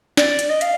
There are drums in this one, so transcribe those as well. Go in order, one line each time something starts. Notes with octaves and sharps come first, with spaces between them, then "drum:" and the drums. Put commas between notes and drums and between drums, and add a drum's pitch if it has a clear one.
D5, drum: snare
drum: hi-hat
D#5
F5, drum: hi-hat